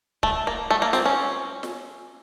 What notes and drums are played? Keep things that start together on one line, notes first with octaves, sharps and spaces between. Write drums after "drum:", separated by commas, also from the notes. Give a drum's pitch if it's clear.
A3, drum: kick
A#3
A3
A#3
C4, drum: snare
C#4
drum: snare